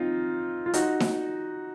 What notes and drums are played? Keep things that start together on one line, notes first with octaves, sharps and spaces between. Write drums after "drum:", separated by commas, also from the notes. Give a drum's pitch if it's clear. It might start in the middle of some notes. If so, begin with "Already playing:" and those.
Already playing: C4 D#4 F4
F4
D#4 F#4, drum: hi-hat
drum: snare D#4